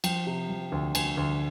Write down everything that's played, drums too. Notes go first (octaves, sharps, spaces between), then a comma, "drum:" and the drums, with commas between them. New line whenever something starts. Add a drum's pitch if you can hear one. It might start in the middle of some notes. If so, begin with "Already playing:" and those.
F3 G5, drum: cymbal
C3
F3
D2
D2 G#5, drum: cymbal
D2